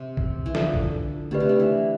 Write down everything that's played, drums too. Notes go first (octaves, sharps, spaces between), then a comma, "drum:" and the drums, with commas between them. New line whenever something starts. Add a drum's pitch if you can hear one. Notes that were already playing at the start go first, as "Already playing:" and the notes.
Already playing: C3
drum: kick
E3
D3 F4 A4 D5, drum: snare
drum: kick
D3 A3 D4 G4 B4 D5
C3
D3
E3